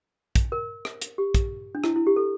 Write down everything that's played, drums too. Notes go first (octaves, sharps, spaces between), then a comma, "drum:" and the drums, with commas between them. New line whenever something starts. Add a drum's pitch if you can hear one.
drum: kick, hi-hat
A#4
drum: rim click
drum: hi-hat
G4
drum: kick, hi-hat
D4
E4, drum: rim click
E4
G4
A4